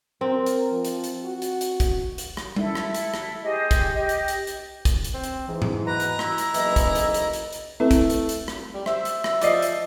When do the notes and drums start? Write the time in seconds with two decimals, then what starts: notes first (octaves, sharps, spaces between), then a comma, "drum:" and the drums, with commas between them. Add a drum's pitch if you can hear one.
0.21 C4 A#4
0.46 drum: hi-hat
0.72 F3
0.85 drum: hi-hat
1.04 drum: hi-hat
1.24 F#4
1.42 drum: hi-hat
1.61 drum: hi-hat
1.80 drum: kick, hi-hat
2.18 drum: hi-hat
2.37 drum: rim click
2.56 E4 A4, drum: tom G3
2.75 drum: rim click
2.95 drum: hi-hat
3.14 drum: rim click
3.43 G4 G#4 C5 D#5
3.71 drum: kick, hi-hat
3.95 G4 D#5
4.09 drum: hi-hat
4.28 drum: hi-hat
4.47 drum: hi-hat
4.85 drum: kick, hi-hat
5.04 drum: hi-hat
5.14 C4
5.24 drum: hi-hat
5.48 G#2 E3
5.62 drum: tom G#2
5.86 B2 B4 A#5
6.00 drum: hi-hat
6.19 E4, drum: rim click
6.38 drum: hi-hat
6.54 F#1 B1 E3 D#5, drum: hi-hat
6.76 drum: kick, hi-hat
6.95 drum: hi-hat
7.14 drum: hi-hat
7.33 drum: hi-hat
7.53 drum: hi-hat
7.80 A3 C4 E4 B4
7.91 drum: kick, hi-hat
8.10 drum: hi-hat
8.29 drum: hi-hat
8.48 drum: rim click
8.74 G3
8.86 C5 E5, drum: rim click
9.05 drum: hi-hat
9.24 drum: rim click
9.42 F3 D5 D#5 C7, drum: hi-hat
9.62 drum: hi-hat